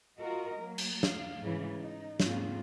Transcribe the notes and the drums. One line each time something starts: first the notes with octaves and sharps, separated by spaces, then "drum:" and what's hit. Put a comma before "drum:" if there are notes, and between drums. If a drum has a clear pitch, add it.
F4 F#4 A#4 D#5
F#3 A#3
drum: cymbal
A3 F5, drum: snare
G#2 C#3 E3
D#4
G#2 C#3 A#3 C4 C#4 F4, drum: snare